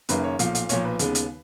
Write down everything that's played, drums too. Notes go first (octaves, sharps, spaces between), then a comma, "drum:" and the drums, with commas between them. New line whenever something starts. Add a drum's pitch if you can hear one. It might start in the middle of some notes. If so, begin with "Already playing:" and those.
F#1 F#2 D#3 A#3 B4, drum: hi-hat
C#5
B1 A#2 F3 F5, drum: hi-hat
F5, drum: hi-hat
B1 A#2 F3 C#5, drum: hi-hat
B4
D#2 C#3 G#3 B3, drum: hi-hat
drum: hi-hat